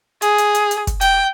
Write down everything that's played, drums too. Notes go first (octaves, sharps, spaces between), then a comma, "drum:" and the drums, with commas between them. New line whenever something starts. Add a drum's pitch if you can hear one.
G#4, drum: hi-hat
drum: hi-hat
drum: hi-hat
drum: hi-hat
drum: kick, hi-hat
G5, drum: hi-hat